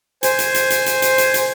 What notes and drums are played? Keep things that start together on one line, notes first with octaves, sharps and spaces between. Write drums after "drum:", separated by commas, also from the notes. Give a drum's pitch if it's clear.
C5 G#5, drum: hi-hat
drum: hi-hat
drum: hi-hat
drum: hi-hat
drum: hi-hat
drum: hi-hat
drum: hi-hat
drum: hi-hat